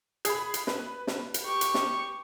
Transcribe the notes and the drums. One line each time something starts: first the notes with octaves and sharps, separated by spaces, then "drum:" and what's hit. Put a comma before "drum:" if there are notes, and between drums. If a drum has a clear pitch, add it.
G#4 B5, drum: hi-hat
drum: hi-hat
B4, drum: snare
drum: snare
drum: hi-hat
G4 C#6
drum: hi-hat
drum: snare